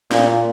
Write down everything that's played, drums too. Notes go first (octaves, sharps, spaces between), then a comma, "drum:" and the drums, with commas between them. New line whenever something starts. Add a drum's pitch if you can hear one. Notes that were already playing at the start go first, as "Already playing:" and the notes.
A#2, drum: snare